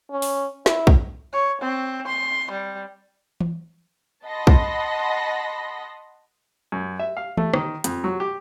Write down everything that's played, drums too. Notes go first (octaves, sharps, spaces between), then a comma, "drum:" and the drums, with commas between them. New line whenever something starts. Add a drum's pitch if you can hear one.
C#4
drum: open hi-hat
E4, drum: snare
drum: kick B1
C#5
C4
C6
G3
drum: tom E3
D#5 F#5 A5 B5 C6 A#6
drum: kick B1
F#2
E5
F5
A3, drum: tom E3
D#3, drum: rim click
F2, drum: hi-hat
F#3
G4